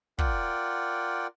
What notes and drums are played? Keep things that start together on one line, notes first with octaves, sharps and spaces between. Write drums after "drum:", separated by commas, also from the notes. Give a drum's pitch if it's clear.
F4 A#4 D5 F#5 G5, drum: kick